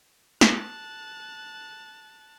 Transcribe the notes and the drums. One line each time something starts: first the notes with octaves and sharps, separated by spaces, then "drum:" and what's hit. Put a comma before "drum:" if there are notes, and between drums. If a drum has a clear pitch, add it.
A5 F#6, drum: snare